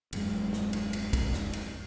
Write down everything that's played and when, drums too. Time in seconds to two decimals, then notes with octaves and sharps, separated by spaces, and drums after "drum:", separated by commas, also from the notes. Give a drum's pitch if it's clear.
0.13 D#1 F#2 G#3, drum: cymbal
0.53 drum: snare
0.73 drum: cymbal
0.93 drum: cymbal
1.13 drum: kick, cymbal
1.33 drum: snare
1.53 drum: cymbal